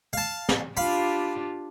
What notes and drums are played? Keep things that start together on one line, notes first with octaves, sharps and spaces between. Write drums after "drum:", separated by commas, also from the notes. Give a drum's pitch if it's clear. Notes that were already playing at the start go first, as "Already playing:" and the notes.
F5 A5
drum: snare
D4 F4 G4 F5 B5